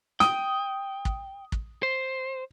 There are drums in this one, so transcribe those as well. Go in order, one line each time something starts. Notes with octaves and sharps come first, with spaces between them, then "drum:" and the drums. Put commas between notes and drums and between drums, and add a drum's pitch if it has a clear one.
G5 D#6, drum: snare
drum: kick
drum: kick
C5